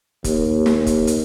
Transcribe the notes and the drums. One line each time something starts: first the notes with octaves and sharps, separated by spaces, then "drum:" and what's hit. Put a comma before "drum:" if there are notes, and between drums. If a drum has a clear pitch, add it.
D#2, drum: kick, hi-hat
drum: snare
drum: kick, hi-hat
drum: hi-hat